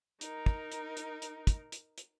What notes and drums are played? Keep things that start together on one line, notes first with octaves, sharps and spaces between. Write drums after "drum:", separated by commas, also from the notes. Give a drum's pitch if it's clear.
D#4 A#4, drum: hi-hat
drum: kick
drum: hi-hat
drum: hi-hat
drum: hi-hat
drum: kick, hi-hat
drum: hi-hat
drum: hi-hat